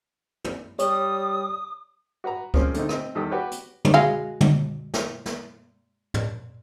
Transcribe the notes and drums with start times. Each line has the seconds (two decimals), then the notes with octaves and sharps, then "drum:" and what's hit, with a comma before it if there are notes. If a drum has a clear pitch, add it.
0.44 drum: tom
0.79 G3 C#5 D#6, drum: hi-hat
2.24 F#4 B4 F#5 A#5
2.54 F3 G3 G#3 A#3 C4 C#4, drum: kick
2.74 D3 A3 C4 D#4, drum: hi-hat
2.89 C4 D#5, drum: rim click
3.15 E2 D#3 G3 A4 D#6
3.31 F#4 G4 B4 C#5
3.51 drum: hi-hat
3.85 drum: tom
3.94 G#3 F#4 F5
4.41 drum: tom
4.94 drum: snare
5.26 drum: snare
6.14 drum: tom